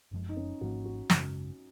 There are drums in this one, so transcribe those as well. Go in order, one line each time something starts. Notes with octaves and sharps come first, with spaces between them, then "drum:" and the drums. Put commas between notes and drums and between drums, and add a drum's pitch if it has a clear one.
F#1 F#2 F3 G#3
D#4
C#4
G#1 G#2 F3 A#3 F#4
F#4
G#1 F#2 C#3 G#3, drum: snare